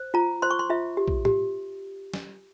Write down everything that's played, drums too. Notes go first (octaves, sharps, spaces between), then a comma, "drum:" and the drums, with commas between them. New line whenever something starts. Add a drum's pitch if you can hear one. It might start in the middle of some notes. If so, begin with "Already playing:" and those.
Already playing: C5
F4 A#5
C5 C6
C#6
C6
F4 E5
G4
drum: kick A#1
G4, drum: tom
drum: snare